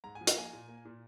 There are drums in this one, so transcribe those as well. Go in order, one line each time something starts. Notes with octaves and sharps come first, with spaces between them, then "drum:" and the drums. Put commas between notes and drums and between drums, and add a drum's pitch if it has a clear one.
G#2 A#5
G#5
F3
F5, drum: hi-hat
A#3 G#5
A#2
A#3
A#2